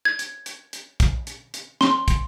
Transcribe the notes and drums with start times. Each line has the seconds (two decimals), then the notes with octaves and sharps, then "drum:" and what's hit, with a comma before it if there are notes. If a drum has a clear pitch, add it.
0.05 G#6
0.19 drum: hi-hat
0.46 drum: hi-hat
0.73 drum: hi-hat
1.00 drum: kick, hi-hat
1.27 drum: hi-hat
1.54 drum: hi-hat
1.81 C6, drum: snare
2.08 drum: kick, hi-hat